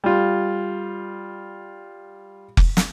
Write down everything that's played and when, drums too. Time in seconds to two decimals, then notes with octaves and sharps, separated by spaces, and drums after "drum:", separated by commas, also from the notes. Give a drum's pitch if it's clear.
0.04 G3 F4
2.57 drum: kick F1
2.77 drum: snare